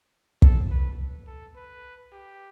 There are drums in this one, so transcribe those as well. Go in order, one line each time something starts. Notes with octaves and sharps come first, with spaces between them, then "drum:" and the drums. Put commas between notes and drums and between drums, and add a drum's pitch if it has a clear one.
A4, drum: kick
B4
A4
B4
G4